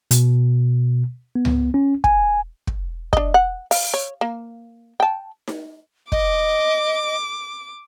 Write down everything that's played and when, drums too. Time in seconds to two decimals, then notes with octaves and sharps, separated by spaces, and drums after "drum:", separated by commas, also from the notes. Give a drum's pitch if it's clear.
0.11 B2, drum: hi-hat
1.35 B3
1.45 drum: tom C#2
1.74 C#4
2.04 G#5, drum: kick
2.67 drum: kick
3.13 D4 D#5, drum: kick
3.34 F#5
3.71 F5, drum: open hi-hat
3.94 C#5
4.21 A#3
5.00 G5 A5
5.48 drum: snare D#4
6.12 D#5 D6, drum: kick